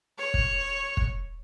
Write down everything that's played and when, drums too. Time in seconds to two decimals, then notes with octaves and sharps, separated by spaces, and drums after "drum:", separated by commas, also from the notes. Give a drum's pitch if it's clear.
0.18 C#5
0.34 drum: kick
0.97 drum: kick